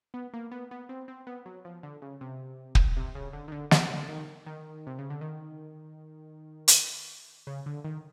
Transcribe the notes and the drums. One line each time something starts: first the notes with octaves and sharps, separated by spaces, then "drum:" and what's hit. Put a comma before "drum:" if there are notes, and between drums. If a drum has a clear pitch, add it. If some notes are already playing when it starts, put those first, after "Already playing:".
B3
A#3
B3
B3
C4
C4
B3
F#3
F3
D3
C#3
C3
drum: kick
C3
C#3
D3
D#3
D3
D#3, drum: snare
D3
D#3
D#3
C3
C#3
D3
D#3
drum: hi-hat
C#3
D3
D#3